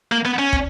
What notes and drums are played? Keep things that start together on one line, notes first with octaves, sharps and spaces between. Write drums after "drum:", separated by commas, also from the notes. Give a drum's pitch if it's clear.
A#3
B3
C#4
drum: kick